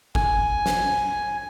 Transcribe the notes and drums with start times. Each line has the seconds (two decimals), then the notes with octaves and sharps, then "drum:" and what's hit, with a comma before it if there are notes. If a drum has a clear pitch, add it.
0.15 G#5, drum: kick G1
0.66 drum: snare